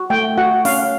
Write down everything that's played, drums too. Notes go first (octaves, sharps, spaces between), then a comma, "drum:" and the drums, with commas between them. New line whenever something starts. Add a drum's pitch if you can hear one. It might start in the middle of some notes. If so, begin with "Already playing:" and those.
Already playing: F#4
A3 G5
F#4 F#5
C#4 F5, drum: open hi-hat